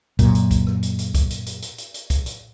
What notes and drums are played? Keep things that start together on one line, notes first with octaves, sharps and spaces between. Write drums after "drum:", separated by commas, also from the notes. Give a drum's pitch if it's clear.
F#2 A#2, drum: kick, hi-hat
drum: hi-hat
drum: kick, hi-hat
drum: rim click
drum: hi-hat
drum: hi-hat
drum: kick, hi-hat
drum: hi-hat
drum: hi-hat
drum: hi-hat
drum: hi-hat
drum: hi-hat
drum: kick, hi-hat
drum: hi-hat